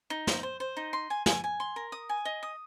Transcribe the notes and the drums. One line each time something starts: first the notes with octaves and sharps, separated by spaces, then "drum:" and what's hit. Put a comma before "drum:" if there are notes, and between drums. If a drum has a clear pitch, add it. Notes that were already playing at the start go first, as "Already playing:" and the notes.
D#4
C5, drum: snare
C5
C5
D#4
C6
G#5
G#5, drum: snare
G#5
C6
A#4
D#6
G#5
D#5
D#6